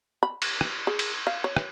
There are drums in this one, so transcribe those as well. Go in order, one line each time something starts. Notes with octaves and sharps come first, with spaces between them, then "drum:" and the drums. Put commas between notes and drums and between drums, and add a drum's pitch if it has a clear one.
B5
drum: cymbal
drum: rim click
G#4
drum: cymbal
F5
C#5
drum: rim click